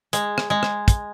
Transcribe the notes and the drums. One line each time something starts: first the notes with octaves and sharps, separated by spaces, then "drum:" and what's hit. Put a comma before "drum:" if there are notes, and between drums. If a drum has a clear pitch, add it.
G#3, drum: hi-hat
drum: rim click
G#3
drum: rim click
drum: kick, hi-hat